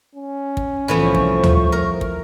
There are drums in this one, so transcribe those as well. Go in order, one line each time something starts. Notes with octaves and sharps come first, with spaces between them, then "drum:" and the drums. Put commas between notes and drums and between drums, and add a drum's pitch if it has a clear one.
C#4
drum: kick
C2 A2 E3 F3 B3 C5 C#6
drum: kick
drum: tom
A#4
drum: kick